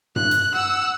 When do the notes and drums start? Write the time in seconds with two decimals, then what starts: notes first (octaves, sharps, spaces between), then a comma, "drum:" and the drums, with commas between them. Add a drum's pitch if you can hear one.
0.16 F#6, drum: tom G2
0.31 drum: hi-hat
0.53 F#5 E6